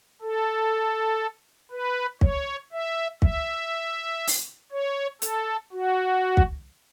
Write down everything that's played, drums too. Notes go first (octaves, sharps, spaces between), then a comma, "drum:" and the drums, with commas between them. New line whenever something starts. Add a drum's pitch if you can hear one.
A4
B4
C#5, drum: kick
E5
E5, drum: kick
drum: open hi-hat
C#5
A4, drum: hi-hat
F#4
drum: kick